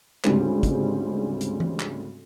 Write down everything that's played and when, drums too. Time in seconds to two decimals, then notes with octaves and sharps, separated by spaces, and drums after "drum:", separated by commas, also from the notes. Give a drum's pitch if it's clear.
0.24 D2 G#2 C#3 G3 G#3 C4, drum: clap
0.63 drum: kick, hi-hat
1.41 drum: hi-hat
1.60 drum: tom E3
1.80 drum: clap